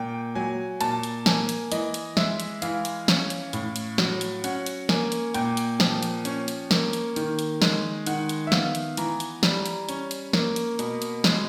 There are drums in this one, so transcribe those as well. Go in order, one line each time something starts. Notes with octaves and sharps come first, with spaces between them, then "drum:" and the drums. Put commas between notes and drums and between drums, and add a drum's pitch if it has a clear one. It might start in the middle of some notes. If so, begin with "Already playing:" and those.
Already playing: A#2 G5
F#3 G#5
A#2 A5, drum: hi-hat
drum: hi-hat
A#3 G#5, drum: snare
drum: hi-hat
E3 D#5, drum: hi-hat
drum: hi-hat
G#3 E5, drum: snare
drum: hi-hat
E3 F5, drum: hi-hat
drum: hi-hat
C#4, drum: snare
drum: hi-hat
A2, drum: hi-hat
drum: hi-hat
F#3, drum: snare
drum: hi-hat
C#4 F#5, drum: hi-hat
drum: hi-hat
A#3 G#5, drum: snare
drum: hi-hat
A#2 G5, drum: hi-hat
drum: hi-hat
F3, drum: snare
drum: hi-hat
C#4, drum: hi-hat
drum: hi-hat
A#3, drum: snare
drum: hi-hat
D#3, drum: hi-hat
drum: hi-hat
G#3, drum: snare
D#3 F#5, drum: hi-hat
drum: hi-hat
E5
B3 F5, drum: snare
drum: hi-hat
E3 A#5, drum: hi-hat
drum: hi-hat
G3, drum: snare
drum: hi-hat
C#4, drum: hi-hat
drum: hi-hat
A#3, drum: snare
drum: hi-hat
B2, drum: hi-hat
drum: hi-hat
G#3, drum: snare